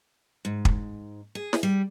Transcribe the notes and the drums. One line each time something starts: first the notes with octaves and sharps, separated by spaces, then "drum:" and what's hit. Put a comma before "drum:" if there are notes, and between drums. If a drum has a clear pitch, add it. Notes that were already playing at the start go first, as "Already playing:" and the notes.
G#2
drum: kick
G#4
drum: snare
G3